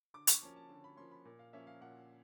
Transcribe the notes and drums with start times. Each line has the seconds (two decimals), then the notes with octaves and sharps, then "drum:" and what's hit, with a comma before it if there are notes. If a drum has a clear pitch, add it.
0.14 D3 D6
0.27 C#6, drum: hi-hat
0.42 F3 A#3 C#4 A5
0.56 A5
0.69 D3 A5
0.84 B5
0.97 F3 A#3 C#4 C6
1.11 B5
1.25 A#2
1.39 F5
1.53 F3 A#3 C#4 E5
1.67 F5
1.81 A#2 F#5